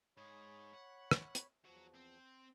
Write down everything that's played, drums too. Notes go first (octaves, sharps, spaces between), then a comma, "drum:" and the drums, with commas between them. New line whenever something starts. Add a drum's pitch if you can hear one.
G#2 G#4 C#5 B5 C#6
F#5
drum: rim click
drum: hi-hat
E2 F3 F#3 F#4
C4 C5